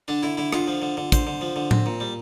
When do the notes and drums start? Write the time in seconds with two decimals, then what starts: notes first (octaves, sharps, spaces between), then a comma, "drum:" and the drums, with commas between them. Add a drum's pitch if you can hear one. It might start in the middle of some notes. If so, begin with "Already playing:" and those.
0.08 D3 D4
0.23 D3 E4
0.37 D3 E4
0.53 D3 F4, drum: rim click
0.68 F3
0.82 D3
0.97 D3
1.12 D3 C5, drum: kick, hi-hat
1.27 D3
1.41 F3
1.56 D3
1.71 C4, drum: tom A2
1.86 A#2
2.00 G3